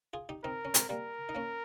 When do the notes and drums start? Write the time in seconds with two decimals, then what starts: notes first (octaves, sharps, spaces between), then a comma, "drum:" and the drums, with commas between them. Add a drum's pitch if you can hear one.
0.13 F4 G#4
0.29 D#4 G4
0.44 C4 D#4 A#4
0.65 C#4
0.74 G#3 C4, drum: hi-hat
0.89 G3 A#3 A#4
1.29 D#4
1.35 A#3 C#4